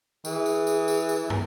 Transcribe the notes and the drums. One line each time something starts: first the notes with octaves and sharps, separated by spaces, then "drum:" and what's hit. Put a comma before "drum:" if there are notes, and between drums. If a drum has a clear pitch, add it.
E3 G#4, drum: tambourine
drum: tambourine
drum: tambourine
drum: tambourine
drum: tambourine
drum: tom